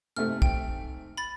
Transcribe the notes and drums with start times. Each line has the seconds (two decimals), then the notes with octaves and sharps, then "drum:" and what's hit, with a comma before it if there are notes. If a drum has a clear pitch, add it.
0.16 G#2 C3 A3 F6
0.42 G5, drum: kick
1.17 B5 A6